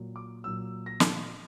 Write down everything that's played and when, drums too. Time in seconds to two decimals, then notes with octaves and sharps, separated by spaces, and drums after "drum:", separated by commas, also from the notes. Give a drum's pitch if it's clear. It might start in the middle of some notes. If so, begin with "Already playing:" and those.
Already playing: A#2 F#3
0.16 D6
0.44 A#2 F#3 E6
0.86 A#6
1.00 drum: snare